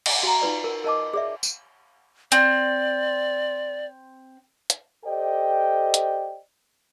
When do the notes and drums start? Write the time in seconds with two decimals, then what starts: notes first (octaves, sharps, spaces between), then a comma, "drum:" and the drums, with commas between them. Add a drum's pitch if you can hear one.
0.06 drum: cymbal
0.23 F#4 A#5
0.42 D#4 F4 B4 D5
0.64 A#4
0.84 A#4 D#5 A5 D6
1.14 G#4 D5 E5
1.43 drum: tambourine
2.32 C4 D5, drum: hi-hat
4.70 drum: hi-hat
5.06 G4 A4 C5 D5 D#5 G5
5.94 drum: hi-hat